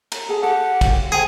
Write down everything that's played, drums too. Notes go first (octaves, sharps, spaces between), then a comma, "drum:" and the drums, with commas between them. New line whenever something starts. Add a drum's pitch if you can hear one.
A#5, drum: cymbal
G#4 A4 G#5
G4 A4 F#5
F5 G5, drum: kick, cymbal
G#4 A4 C5 G5